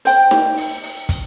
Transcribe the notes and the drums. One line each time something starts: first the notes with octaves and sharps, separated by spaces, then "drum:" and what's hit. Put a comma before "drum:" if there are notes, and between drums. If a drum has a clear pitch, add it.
C5 G5, drum: hi-hat
drum: snare D#4
drum: open hi-hat
drum: open hi-hat
drum: kick, hi-hat